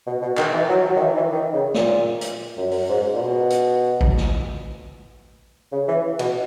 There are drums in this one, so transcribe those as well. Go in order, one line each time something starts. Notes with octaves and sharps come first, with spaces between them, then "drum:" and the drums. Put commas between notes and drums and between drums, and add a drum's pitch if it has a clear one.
B2
B2
D#3, drum: clap
E3
F#3
F#3
D#3
E3
E3
D#3
C#3
A#2, drum: snare
drum: hi-hat
F#2
F#2, drum: open hi-hat
G#2
A#2
B2
drum: hi-hat
drum: kick G#1
drum: snare
C#3
E3
B2, drum: cymbal